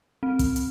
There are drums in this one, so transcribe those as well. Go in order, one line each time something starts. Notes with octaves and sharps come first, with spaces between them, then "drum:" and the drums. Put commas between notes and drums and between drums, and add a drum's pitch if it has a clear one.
C4
drum: kick, hi-hat
drum: hi-hat